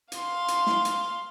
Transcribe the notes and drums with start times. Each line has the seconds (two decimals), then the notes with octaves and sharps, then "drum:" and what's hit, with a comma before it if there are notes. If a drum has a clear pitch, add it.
0.12 F5 C6, drum: hi-hat
0.48 drum: hi-hat
0.67 drum: snare
0.85 drum: hi-hat